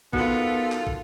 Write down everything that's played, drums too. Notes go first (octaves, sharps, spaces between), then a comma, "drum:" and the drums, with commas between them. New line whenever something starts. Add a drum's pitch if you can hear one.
B3 D#4 F4 F#4 A4 A#4, drum: kick
drum: clap
drum: kick